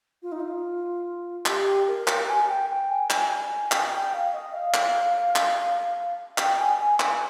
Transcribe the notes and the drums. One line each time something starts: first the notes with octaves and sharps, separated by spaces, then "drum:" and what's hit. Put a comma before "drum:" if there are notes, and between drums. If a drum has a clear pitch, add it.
F4
D#4
F4
G4, drum: clap
A#4
drum: clap
G#5
G5
G5
G#5
G#5, drum: clap
drum: clap
G5
F5
D#5
F5
drum: clap
drum: clap
G5, drum: clap
G#5
G#5
G#5, drum: clap